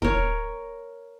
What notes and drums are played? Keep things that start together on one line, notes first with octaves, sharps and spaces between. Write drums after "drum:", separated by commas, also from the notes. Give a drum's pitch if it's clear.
A#4 C#5, drum: kick